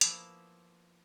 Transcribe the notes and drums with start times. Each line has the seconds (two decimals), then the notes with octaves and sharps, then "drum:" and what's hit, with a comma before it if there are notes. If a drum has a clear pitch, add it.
0.01 F3 A#3 B3 E4 B4, drum: hi-hat